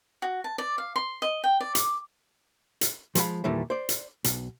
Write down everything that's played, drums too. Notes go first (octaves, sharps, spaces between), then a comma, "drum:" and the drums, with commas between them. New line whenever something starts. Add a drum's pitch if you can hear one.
F#4
A5
D5
F5
C6
D#5
G5
D5
D6, drum: hi-hat
drum: hi-hat
F3 G#3 F#4 C5 F5 B5, drum: hi-hat
E2 A#2 D#3 E3 G3 A3
C5 D5
drum: hi-hat
B1, drum: hi-hat